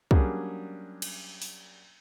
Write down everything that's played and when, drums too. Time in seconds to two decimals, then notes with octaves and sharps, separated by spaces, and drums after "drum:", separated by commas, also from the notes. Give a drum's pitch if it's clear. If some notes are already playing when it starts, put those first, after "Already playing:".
0.11 F#3 G3 A#3 C#4 D4 G#4, drum: kick
1.02 drum: cymbal
1.42 drum: open hi-hat